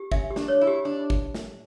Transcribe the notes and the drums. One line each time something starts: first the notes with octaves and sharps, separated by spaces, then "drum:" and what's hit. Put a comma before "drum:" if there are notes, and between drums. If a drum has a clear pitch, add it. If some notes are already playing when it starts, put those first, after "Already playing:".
Already playing: G4
C#4 E5, drum: kick G1
G4
D4, drum: snare
C#5
E4
G4
D4
drum: kick G1
drum: snare